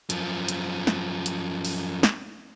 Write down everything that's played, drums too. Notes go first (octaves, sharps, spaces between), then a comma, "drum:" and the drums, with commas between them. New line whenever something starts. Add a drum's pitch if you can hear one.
F#2 F3, drum: hi-hat
drum: hi-hat
drum: snare
drum: hi-hat
drum: open hi-hat
drum: snare